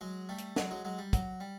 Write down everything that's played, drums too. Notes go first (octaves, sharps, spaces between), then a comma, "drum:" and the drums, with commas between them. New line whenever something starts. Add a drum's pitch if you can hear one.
F#3 G#3
G3 A3
drum: hi-hat
F#3 G#3, drum: snare
F#3 G#3
F#3 G#3
G3
F#3, drum: kick, hi-hat
G3